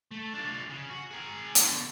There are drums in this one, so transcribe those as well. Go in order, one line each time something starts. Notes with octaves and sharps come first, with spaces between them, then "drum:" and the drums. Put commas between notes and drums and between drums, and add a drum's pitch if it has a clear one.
A3
D4 F4
C#3
F#4
G#4 A#4
B2 D3, drum: hi-hat